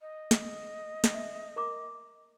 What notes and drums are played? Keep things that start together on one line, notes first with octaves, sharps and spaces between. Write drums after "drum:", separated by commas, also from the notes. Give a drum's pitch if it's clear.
D#5
drum: snare
drum: snare
E5
A#4 A#5 D6